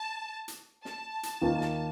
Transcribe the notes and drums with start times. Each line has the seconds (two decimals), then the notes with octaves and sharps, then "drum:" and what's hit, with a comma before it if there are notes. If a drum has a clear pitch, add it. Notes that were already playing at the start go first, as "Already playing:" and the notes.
Already playing: A5
0.48 drum: hi-hat
0.85 A5, drum: snare
1.23 drum: hi-hat
1.42 D#2 D#3 A#3 F4
1.61 drum: snare